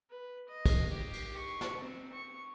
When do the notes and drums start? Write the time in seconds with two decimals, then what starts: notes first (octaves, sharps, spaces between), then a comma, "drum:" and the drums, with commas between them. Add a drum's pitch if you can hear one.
0.10 B4
0.49 D#5
0.66 drum: kick, cymbal
0.91 G4
1.13 drum: cymbal
1.37 C#6
1.61 drum: snare
1.81 C4
2.12 C#6